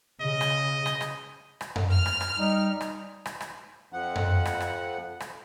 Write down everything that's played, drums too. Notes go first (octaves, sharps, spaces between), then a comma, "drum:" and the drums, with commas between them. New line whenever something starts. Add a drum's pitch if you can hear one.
C#3 D#5
drum: rim click
drum: rim click
drum: rim click
drum: rim click
drum: tom F#2
F6
drum: rim click
drum: rim click
G3 D#4
drum: rim click
drum: rim click
drum: rim click
F2 F3 F#5
drum: tom F#2
drum: rim click
drum: rim click
drum: rim click